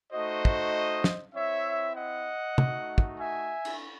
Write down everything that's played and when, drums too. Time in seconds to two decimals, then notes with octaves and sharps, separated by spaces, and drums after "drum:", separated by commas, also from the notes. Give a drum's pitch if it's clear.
0.12 A3 D#4 F#4 C5 D#5
0.45 drum: kick
1.04 drum: snare
1.34 C4 E4 C#5 E5
1.96 D#5 F#5
2.58 A3 D#4 F#4, drum: tom
2.98 drum: kick
3.19 E5 G#5
3.65 drum: cymbal